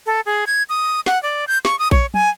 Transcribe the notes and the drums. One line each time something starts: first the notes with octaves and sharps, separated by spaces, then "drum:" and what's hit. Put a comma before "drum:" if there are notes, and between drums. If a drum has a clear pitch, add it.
A4
G#4
G#6
D#6
F#5, drum: snare
D5
G6
C#6, drum: snare
D#6
C#5, drum: kick A#1
G#5, drum: tom